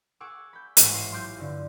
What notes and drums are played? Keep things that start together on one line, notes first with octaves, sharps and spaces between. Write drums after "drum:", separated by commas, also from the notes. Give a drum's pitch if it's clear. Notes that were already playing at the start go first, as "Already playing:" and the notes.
G#4 F#5 G#5 C#6 D6 E6
B5 G6
A1 G#2, drum: hi-hat
C6
F#3 F4 C6 D6 G6
G2 D3